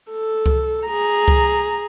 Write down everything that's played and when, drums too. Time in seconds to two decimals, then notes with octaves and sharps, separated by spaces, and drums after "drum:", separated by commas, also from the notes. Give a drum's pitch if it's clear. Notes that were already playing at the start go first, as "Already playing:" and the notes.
0.11 A4
0.46 drum: kick C#2
0.87 G#4 A#5
1.28 drum: kick C#2